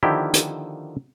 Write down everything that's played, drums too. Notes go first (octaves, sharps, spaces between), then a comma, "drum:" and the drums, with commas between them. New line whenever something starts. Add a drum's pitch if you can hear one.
D3 D#3 F3 A#3 E4 G4
drum: hi-hat